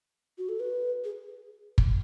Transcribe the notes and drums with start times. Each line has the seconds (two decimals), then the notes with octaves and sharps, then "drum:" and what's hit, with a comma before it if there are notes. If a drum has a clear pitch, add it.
0.38 F#4
0.49 A4
0.60 B4
1.04 G#4
1.78 drum: kick